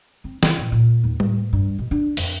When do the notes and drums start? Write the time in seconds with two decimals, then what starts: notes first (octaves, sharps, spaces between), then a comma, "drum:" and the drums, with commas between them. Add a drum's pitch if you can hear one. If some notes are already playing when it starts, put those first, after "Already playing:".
0.24 C4
0.43 B3, drum: snare
0.59 A#2
0.72 A#2
1.04 D#2
1.20 A2, drum: tom G3
1.53 G2
1.79 B2
1.91 D4
2.17 F2, drum: open hi-hat